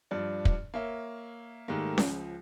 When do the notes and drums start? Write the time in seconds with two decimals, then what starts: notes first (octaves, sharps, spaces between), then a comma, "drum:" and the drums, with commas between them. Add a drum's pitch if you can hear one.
0.11 G2 F3 D4 D5
0.45 drum: kick
0.74 A#3 C#5 E5
1.68 G#2 D#3 G3 A3 A#3
1.98 C#2 F3, drum: snare C#4